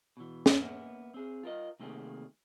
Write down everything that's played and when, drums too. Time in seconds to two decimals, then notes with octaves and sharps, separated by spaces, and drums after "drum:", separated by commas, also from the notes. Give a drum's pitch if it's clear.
0.17 B2 E3
0.46 drum: snare C#4
0.60 A#3 B3 E5
1.14 C4 G#4
1.43 F4 A#4 D#5
1.80 C3 D#3 A3 A#3 G4 G#4